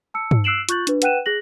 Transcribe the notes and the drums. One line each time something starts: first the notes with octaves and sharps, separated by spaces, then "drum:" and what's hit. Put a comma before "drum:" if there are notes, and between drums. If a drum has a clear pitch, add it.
A5 E6 C#7
drum: tom
E6 F#6 C7 D7 E7 F#7
F4 C#6 F#6 G6 A6 F#7, drum: hi-hat
D4 B4, drum: hi-hat
B4 F#5 G5 F#6 D#7 E7, drum: hi-hat
G#4 F#6 A#6 F#7